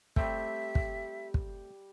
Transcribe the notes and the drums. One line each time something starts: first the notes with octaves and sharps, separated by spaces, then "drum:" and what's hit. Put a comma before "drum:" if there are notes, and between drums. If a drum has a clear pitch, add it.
G3 A3 C4 E5 G5, drum: kick
drum: kick
drum: kick